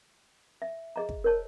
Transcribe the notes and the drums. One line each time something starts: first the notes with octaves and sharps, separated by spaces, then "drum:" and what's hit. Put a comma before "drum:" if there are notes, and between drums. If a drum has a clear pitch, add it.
E5
G#4 D#5 A#5
drum: kick
A#4 C5 C#5 A5